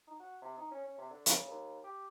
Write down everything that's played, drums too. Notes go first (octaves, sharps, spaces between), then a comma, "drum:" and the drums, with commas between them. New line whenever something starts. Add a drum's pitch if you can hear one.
D#4
F#4
C3
D#4
C#4
C#4
C3
D3
C#3, drum: hi-hat
D#2
G4